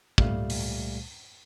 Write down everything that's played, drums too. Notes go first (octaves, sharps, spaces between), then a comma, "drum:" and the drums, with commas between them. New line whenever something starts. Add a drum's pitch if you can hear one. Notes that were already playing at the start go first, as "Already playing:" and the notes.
C#2 A#2 G3 A3 F5, drum: kick
drum: open hi-hat